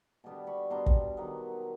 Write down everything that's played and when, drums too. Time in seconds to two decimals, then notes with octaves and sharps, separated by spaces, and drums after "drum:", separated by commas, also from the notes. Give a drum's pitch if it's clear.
0.24 B2 G3 B3 D4
0.47 B5 C#6
0.70 B2 G3 B3 D4 A#5 C6
0.86 drum: kick
1.17 D#3 F#3 B3